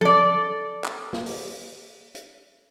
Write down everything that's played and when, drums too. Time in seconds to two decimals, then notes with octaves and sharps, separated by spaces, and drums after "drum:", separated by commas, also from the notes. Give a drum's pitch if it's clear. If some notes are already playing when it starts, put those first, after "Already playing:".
0.01 A4 D5, drum: tom F3
0.84 drum: clap
1.13 drum: snare
1.26 drum: open hi-hat
2.15 drum: hi-hat